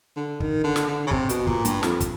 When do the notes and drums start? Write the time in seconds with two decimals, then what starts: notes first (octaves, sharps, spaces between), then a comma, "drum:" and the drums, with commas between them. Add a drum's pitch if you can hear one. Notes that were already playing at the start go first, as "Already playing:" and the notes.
0.16 D3
0.40 D#3, drum: kick
0.64 D3
0.76 drum: snare
0.88 D3
1.07 C#3
1.11 C3, drum: kick
1.29 B2, drum: hi-hat
1.47 A#2, drum: kick
1.65 G2, drum: hi-hat
1.83 F2, drum: snare
2.01 drum: kick, hi-hat